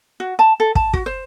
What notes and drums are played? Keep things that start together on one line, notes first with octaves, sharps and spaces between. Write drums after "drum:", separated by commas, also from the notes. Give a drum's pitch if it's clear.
F#4
A5
A4
A5, drum: kick
F#4, drum: kick
C5